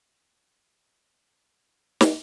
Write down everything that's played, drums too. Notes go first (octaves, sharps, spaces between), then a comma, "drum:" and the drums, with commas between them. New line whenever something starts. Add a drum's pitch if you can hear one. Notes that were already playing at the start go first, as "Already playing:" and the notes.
A#1 D#2
drum: snare